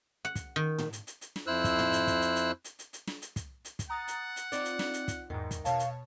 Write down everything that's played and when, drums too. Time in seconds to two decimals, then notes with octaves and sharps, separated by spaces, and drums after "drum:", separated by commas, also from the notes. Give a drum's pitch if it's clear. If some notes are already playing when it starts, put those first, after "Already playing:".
0.25 F#5
0.35 drum: kick, hi-hat
0.56 D#3
0.78 drum: tom
0.93 drum: hi-hat
1.07 drum: hi-hat
1.21 drum: hi-hat
1.36 drum: snare
1.47 F2 E4 C5 E6 F#6
1.64 drum: kick, hi-hat
1.79 drum: tom
1.93 drum: hi-hat
2.07 drum: kick, hi-hat
2.22 drum: hi-hat
2.36 drum: hi-hat
2.64 drum: hi-hat
2.79 drum: hi-hat
2.93 drum: hi-hat
3.07 drum: snare
3.22 drum: hi-hat
3.36 drum: kick, hi-hat
3.65 drum: hi-hat
3.79 drum: kick, hi-hat
3.90 F#5 A#5 D#6 A6
4.08 drum: hi-hat
4.36 drum: hi-hat
4.52 C4 D#4 F4 D5, drum: hi-hat
4.65 drum: hi-hat
4.79 drum: snare
4.93 drum: hi-hat
5.08 drum: kick, hi-hat
5.30 E2 G#2 D#3
5.51 drum: kick, hi-hat
5.65 B2 C#5 F5 A5, drum: hi-hat
5.79 drum: hi-hat